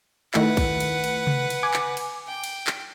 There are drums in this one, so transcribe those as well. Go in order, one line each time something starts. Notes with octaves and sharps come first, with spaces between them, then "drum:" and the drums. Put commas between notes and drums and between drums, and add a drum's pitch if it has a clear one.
D#3 A3 E4 B4 F#5, drum: clap
drum: kick A#1, cymbal
drum: cymbal
drum: cymbal
drum: tom C3
drum: cymbal
G#5 D6
drum: clap
drum: cymbal
G5
drum: cymbal
drum: clap